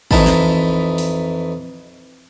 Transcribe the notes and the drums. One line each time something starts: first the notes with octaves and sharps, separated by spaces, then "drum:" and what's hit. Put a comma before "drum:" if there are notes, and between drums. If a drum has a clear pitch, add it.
F2 E3 D#4 A5 B5, drum: kick
drum: snare
drum: open hi-hat